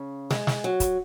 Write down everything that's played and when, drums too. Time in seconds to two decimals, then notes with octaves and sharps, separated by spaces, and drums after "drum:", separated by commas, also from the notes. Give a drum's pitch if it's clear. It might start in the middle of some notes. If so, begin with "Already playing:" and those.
Already playing: C#3
0.30 G#3, drum: snare
0.47 drum: snare
0.64 F#3
0.80 drum: kick, hi-hat